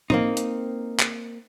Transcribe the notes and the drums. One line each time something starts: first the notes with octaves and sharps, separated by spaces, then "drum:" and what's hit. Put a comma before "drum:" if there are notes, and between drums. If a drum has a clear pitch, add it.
A#3 C4 D#4, drum: tom
drum: hi-hat
drum: clap